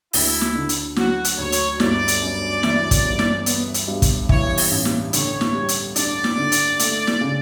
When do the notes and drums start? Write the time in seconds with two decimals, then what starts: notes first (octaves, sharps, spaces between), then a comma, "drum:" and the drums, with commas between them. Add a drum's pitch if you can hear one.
0.13 D2 E4, drum: open hi-hat
0.41 drum: snare
0.55 D3
0.69 drum: hi-hat
0.96 F#3 F#4, drum: snare
1.25 drum: hi-hat
1.38 D2 C#5
1.52 drum: hi-hat
1.80 G1 D5, drum: snare
2.08 drum: hi-hat
2.22 F#2
2.63 E3, drum: snare
2.91 drum: kick, hi-hat
3.05 G1
3.19 drum: snare
3.46 B3, drum: hi-hat
3.74 drum: hi-hat
3.88 G2
4.02 drum: kick, hi-hat
4.29 E3 C#5, drum: kick
4.58 drum: open hi-hat
4.71 A1
4.85 drum: snare
5.13 D3 C#5, drum: hi-hat
5.41 drum: snare
5.54 G3
5.69 drum: hi-hat
5.96 D4 D5, drum: hi-hat
6.24 drum: snare
6.37 D3
6.52 drum: hi-hat
6.79 A3, drum: hi-hat
7.07 drum: snare
7.21 C#3